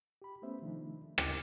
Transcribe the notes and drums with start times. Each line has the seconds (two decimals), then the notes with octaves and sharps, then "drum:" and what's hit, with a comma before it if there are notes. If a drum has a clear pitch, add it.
0.22 G4 B5
0.42 A3 B3 C#4 C5 E5
0.61 C3 D#3 F3 A3 D4 D#4
1.18 G2 C#3 D4 D#5 D6 F6, drum: rim click